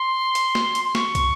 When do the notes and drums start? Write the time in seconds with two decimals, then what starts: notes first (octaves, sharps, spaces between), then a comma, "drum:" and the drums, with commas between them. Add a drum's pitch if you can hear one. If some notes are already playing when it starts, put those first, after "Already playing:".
Already playing: C6
0.35 drum: hi-hat
0.55 drum: snare
0.75 drum: hi-hat
0.85 C6
0.95 C#6, drum: snare
1.15 drum: kick, hi-hat